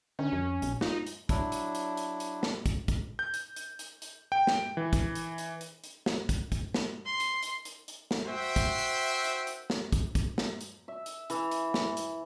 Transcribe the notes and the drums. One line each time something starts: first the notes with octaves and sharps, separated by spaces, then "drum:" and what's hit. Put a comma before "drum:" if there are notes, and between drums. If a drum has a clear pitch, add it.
D3 C#4
F2
A#1, drum: hi-hat
D#4 F4, drum: snare
drum: hi-hat
F#3 D4 E4, drum: kick, hi-hat
drum: hi-hat
drum: hi-hat
drum: hi-hat
drum: hi-hat
drum: snare
drum: kick, hi-hat
drum: kick, hi-hat
G6
drum: hi-hat
drum: hi-hat
drum: hi-hat
drum: hi-hat
G5
drum: snare
E3
drum: kick, hi-hat
drum: hi-hat
drum: hi-hat
drum: hi-hat
drum: hi-hat
drum: snare
drum: kick, hi-hat
drum: kick, hi-hat
drum: snare
C6
drum: hi-hat
drum: hi-hat
drum: hi-hat
drum: hi-hat
drum: snare
F#4 C5 E5 G5
drum: kick, hi-hat
drum: hi-hat
drum: hi-hat
drum: hi-hat
drum: snare
drum: kick, hi-hat
drum: kick, hi-hat
drum: snare
drum: hi-hat
E5
drum: hi-hat
E3, drum: hi-hat
drum: hi-hat
drum: snare
drum: hi-hat